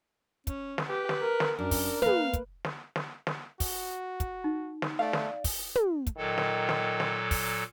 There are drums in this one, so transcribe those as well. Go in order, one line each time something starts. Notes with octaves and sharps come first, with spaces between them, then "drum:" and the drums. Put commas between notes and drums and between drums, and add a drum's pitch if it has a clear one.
C#4, drum: kick, hi-hat
drum: snare
G4 B4
drum: snare
A#4
drum: snare
F#2 D4 A#4
drum: kick, open hi-hat
A#3 B4 F5, drum: tom
drum: kick, hi-hat
drum: snare
drum: snare
drum: snare
F#4, drum: kick, open hi-hat
drum: kick, hi-hat
D#4
drum: snare
A3 D5 F5
drum: snare
drum: kick, open hi-hat
drum: tom
drum: kick, hi-hat
A#2 D#3 F#3 A4
drum: snare
drum: snare
drum: snare
drum: kick, open hi-hat